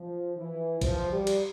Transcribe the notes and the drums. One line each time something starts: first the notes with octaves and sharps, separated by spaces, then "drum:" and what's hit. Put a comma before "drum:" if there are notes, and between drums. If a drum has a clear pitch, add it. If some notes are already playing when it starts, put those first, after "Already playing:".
Already playing: F3
E3
F3, drum: kick, cymbal
G3
drum: cymbal